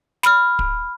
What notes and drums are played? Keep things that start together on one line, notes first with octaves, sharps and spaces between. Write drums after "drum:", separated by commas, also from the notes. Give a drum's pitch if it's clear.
B5 F6, drum: snare
drum: kick